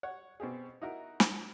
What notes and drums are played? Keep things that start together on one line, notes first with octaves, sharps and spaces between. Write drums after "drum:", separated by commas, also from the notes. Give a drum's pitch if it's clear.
C#5 F#5
B2 C4 G4 G#4
D#4 E4 F#4 A#4
drum: snare